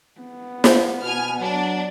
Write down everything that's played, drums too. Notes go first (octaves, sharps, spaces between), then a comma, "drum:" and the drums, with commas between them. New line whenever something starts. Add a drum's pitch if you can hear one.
B3
drum: snare
B2 G#5 F6
F#3 D4